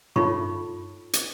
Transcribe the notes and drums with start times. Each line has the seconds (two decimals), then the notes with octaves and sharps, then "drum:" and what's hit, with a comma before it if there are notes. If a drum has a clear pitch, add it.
0.16 D#4 F4 A4 C#5 B5 C#6, drum: tom G2
1.13 drum: hi-hat